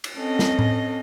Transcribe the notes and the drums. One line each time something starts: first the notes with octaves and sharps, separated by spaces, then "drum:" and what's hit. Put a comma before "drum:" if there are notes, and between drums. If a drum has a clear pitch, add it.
drum: cymbal
C4 C#4 A4 D#5
drum: snare
drum: tom A2